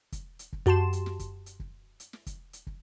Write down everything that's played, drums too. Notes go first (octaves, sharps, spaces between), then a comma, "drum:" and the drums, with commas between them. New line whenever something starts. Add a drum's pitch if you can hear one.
drum: kick, hi-hat
drum: hi-hat
drum: kick
F#2 F#4 G4 A5 C6 E7
drum: hi-hat
drum: snare
drum: kick, hi-hat
drum: hi-hat
drum: kick
drum: hi-hat
drum: snare
drum: kick, hi-hat
drum: hi-hat
drum: kick